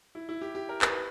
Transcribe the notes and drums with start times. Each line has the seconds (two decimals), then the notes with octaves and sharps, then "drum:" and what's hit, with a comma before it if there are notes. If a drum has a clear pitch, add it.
0.15 E4
0.29 E4
0.42 G4
0.55 G4
0.69 A#4
0.82 B4, drum: clap